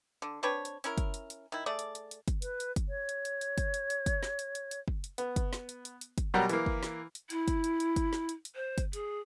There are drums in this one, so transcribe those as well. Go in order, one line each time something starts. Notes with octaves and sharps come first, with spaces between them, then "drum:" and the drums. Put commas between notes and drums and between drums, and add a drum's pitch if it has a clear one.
D3
C4 D4 B4 C#5
drum: hi-hat
C#4 E4 A#4, drum: hi-hat
drum: kick, hi-hat
drum: hi-hat
drum: hi-hat
D#3 E4
A3 G#4 D5
drum: hi-hat
drum: hi-hat
drum: hi-hat
drum: kick, hi-hat
B4, drum: hi-hat
drum: hi-hat
drum: kick, hi-hat
C#5
drum: hi-hat
drum: hi-hat
drum: hi-hat
drum: kick, hi-hat
drum: hi-hat
drum: hi-hat
drum: kick, hi-hat
drum: snare
drum: hi-hat
drum: hi-hat
drum: hi-hat
drum: kick
drum: hi-hat
B3, drum: hi-hat
drum: kick, hi-hat
drum: snare
drum: hi-hat
drum: hi-hat
drum: hi-hat
drum: kick, hi-hat
B2 F#3 G3 F#4 G4 A#4
E3 A#3, drum: hi-hat
drum: kick
drum: snare
drum: hi-hat
E4, drum: hi-hat
drum: kick, hi-hat
drum: hi-hat
drum: hi-hat
drum: kick, hi-hat
drum: snare
drum: hi-hat
drum: hi-hat
C5
drum: kick, hi-hat
G#4, drum: hi-hat